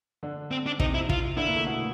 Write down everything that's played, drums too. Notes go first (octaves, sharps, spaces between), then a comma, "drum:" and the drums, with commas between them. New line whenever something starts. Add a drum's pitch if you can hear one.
D3 D4
C4
D4
C3 C4 D#4, drum: kick
E4
F4, drum: kick
D3 D4 E4
A#3
A3
B2 B3